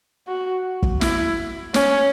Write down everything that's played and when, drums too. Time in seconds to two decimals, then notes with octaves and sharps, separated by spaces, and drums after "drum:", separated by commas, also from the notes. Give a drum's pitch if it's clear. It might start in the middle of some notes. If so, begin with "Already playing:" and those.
0.28 F#4
0.83 drum: kick
1.01 E4, drum: snare
1.74 C#4, drum: snare